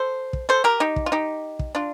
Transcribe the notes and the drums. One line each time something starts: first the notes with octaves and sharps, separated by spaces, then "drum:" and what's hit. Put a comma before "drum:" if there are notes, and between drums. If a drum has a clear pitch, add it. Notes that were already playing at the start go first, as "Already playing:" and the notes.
Already playing: A4 C5
drum: kick
A4 C5
G4 A#4
D#4 G4
drum: kick
F4
D#4 G4
drum: kick
D4 F4